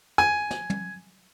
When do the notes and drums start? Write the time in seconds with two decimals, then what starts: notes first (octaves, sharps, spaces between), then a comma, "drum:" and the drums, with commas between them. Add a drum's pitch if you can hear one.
0.18 G#5, drum: tom
0.51 drum: snare
0.70 drum: tom